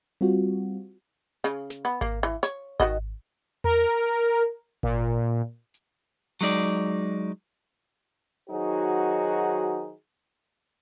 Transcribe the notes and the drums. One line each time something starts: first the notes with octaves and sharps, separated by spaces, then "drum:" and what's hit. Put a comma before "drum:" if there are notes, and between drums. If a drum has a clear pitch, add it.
G3 C4 F4 F#4
C#3, drum: snare
drum: snare
B3
A#3, drum: kick G#1
E3
C#5, drum: snare
D#3 F#4 D#5, drum: kick G#1
A#4, drum: tom E2
drum: open hi-hat
A#2, drum: kick G#1
drum: hi-hat
F#3 G#3 D#4 D5
D#3 F#3 D#4 F#4 G#4 C5